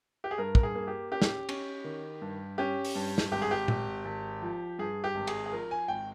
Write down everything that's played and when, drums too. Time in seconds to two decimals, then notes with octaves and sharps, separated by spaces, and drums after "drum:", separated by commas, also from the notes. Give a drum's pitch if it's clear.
0.24 G4
0.31 G#4
0.38 G2 A#4
0.55 A#4, drum: kick
0.63 G#4
0.75 A#3
0.87 G4
1.11 C#4 G4
1.22 drum: snare
1.49 C#4, drum: cymbal
1.84 D#3
2.22 G2
2.58 C#4 G4
2.85 drum: open hi-hat
2.95 G2
3.18 drum: snare
3.32 G#1 G4
3.42 G#4
3.51 G4
3.68 G#1, drum: tom A#2
4.05 G#1
4.42 F3
4.79 G2 G#4
5.04 G4
5.15 G#1
5.27 G#4, drum: cymbal
5.46 G#4
5.52 F3 A#4
5.71 G#5
5.88 G#1 G5